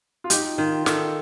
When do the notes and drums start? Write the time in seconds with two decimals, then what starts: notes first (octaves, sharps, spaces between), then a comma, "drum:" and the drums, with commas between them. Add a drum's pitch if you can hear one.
0.24 F4
0.30 D#4 G4, drum: hi-hat
0.58 D#3 F4
0.86 D#3 A4, drum: snare